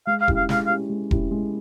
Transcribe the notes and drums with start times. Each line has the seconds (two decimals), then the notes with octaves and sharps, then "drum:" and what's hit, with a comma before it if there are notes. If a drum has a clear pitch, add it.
0.07 G#3 F5
0.21 F5
0.28 C#4 E4 G4, drum: kick E1
0.36 F5
0.49 G#3 F5, drum: snare
0.67 F5
0.69 C#4 E4 G4
0.90 G#3
1.11 C#4 E4 G4, drum: kick E1
1.31 G#3